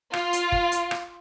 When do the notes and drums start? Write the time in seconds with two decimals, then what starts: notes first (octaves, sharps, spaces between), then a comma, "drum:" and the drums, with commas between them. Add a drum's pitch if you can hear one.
0.13 F4, drum: rim click
0.33 drum: hi-hat
0.52 drum: kick
0.72 drum: hi-hat
0.91 drum: rim click